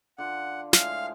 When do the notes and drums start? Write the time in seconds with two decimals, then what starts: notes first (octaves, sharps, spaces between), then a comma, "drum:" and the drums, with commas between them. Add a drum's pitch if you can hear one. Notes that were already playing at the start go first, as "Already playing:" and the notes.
0.18 D3 F4 F#5
0.73 A2 F3 G#3 F5, drum: snare